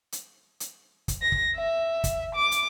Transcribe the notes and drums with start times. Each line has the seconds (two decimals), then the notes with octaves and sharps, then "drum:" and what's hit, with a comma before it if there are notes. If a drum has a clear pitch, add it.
0.12 drum: hi-hat
0.60 drum: hi-hat
1.08 drum: kick, hi-hat
1.22 A#6
1.32 drum: kick
1.56 E5
2.04 drum: kick, hi-hat
2.35 D6
2.51 drum: hi-hat